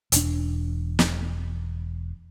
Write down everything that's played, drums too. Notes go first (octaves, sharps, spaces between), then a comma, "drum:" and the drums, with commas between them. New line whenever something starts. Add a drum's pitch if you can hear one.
E1 D4, drum: hi-hat
drum: snare